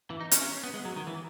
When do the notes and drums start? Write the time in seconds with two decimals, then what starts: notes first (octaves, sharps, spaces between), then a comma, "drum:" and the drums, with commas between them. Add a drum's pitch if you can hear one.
0.10 E3
0.21 D#4
0.31 C#4, drum: hi-hat
0.42 C#4
0.64 B3
0.74 G#3
0.85 F#3
0.96 D#3
1.07 E3